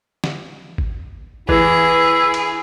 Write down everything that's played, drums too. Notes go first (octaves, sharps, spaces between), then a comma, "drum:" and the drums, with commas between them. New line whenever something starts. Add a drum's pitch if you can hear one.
drum: snare
drum: kick G#1
E3 E4 G#4, drum: kick G#1
drum: cymbal